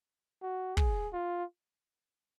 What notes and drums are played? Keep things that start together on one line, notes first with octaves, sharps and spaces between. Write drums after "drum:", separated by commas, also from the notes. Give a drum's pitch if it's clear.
F#4
G#4, drum: kick
F4